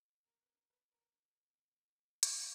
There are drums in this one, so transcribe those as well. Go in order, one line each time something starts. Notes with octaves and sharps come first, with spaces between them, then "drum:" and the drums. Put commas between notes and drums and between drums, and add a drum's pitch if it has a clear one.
C3 A#4
B4
A#4
D4
B4
D4
A#4
D4
C3
A3
drum: hi-hat